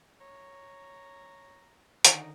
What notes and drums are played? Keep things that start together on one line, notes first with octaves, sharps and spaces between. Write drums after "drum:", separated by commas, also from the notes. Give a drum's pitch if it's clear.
C#5 A#5
D3 D#3 D#4 A#5, drum: hi-hat